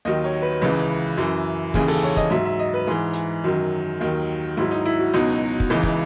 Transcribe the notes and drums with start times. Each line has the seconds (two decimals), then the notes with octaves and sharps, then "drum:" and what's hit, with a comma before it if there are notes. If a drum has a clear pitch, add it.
0.05 D#2 D#3 F#3 D#5
0.24 C#5
0.42 B4
0.61 C#2 C#3 E3 B4
1.18 F#2 E3
1.74 D#2 C#3 E3 G#4, drum: kick
1.88 A4, drum: open hi-hat
2.03 C#5
2.17 D#5, drum: kick
2.31 G#2 F#3 E5
2.45 E5
2.59 D#5
2.74 B4
2.87 G#2 E3 G#4
3.13 drum: hi-hat
3.44 F#2 D#3 F#3
4.01 D#2 D#3 F#3
4.57 G#2 F#3 E4
4.71 D#4
4.86 E4
4.99 F#4
5.14 C#2 B2 F#3 D#4
5.60 drum: kick
5.70 C#2 C#3 E3
5.83 drum: kick